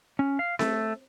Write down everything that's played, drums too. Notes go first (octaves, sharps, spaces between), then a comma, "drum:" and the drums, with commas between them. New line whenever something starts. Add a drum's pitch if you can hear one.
C#4
F5
A3, drum: snare C4